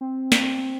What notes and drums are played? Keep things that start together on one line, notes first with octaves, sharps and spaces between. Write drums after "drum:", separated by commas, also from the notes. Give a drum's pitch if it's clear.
C4
drum: snare